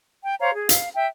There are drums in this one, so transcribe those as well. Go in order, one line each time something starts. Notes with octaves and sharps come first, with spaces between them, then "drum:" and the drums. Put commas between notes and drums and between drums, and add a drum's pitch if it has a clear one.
G5
C5 C#5 F5 A#5
G#4
F5, drum: hi-hat
E5 G5